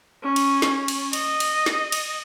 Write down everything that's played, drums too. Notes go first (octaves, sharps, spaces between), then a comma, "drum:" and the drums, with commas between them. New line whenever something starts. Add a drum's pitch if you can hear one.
C#4
drum: cymbal
drum: snare
drum: cymbal
D#5, drum: cymbal
drum: cymbal
drum: snare
drum: cymbal